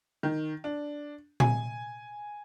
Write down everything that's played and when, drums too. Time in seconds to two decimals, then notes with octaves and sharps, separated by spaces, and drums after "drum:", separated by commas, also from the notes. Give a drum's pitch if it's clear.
0.23 D#3
0.64 D4
1.40 G#5, drum: tom A#2